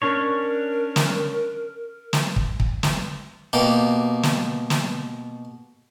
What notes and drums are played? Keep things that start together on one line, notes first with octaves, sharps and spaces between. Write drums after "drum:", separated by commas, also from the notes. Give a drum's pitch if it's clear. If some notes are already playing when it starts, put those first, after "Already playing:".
C#4 D4 A#4 C#5
drum: snare
drum: snare
drum: kick
drum: kick
drum: snare
B2 A#3 G4
drum: snare
drum: snare